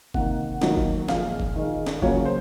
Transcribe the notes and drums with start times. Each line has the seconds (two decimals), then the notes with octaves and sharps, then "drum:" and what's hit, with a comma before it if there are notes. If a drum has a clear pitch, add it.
0.14 C3 D#3 A#3 F#5, drum: kick F1
0.62 D#3 F#3 A#3, drum: snare
0.77 drum: kick F1
1.08 A#2 F3 G#3 F5, drum: snare
1.40 drum: kick F1
1.56 D#3 G#3
1.87 drum: snare
2.02 C#3 F#3 A#3 C#5, drum: kick F1
2.25 C5